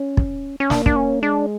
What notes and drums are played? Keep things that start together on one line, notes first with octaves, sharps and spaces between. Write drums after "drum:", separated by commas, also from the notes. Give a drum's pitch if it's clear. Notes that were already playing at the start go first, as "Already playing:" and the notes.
Already playing: C#4
drum: kick
C#4
A#3 D4, drum: snare
D4, drum: kick
C#4
G#3 D4